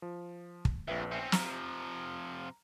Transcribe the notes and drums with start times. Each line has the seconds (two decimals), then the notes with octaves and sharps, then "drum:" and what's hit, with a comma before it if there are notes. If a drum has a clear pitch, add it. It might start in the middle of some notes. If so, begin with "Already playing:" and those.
0.02 F3
0.65 drum: kick
0.88 A#1 F2 B4 E5
1.12 C4 C#4
1.32 C3 F3 A#5 F6, drum: snare